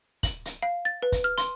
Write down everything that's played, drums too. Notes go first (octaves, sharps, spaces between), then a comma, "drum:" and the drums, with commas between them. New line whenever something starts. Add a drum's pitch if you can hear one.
F#7, drum: kick, hi-hat
drum: hi-hat
F5
A6
B4
drum: kick, hi-hat
F6
C6, drum: hi-hat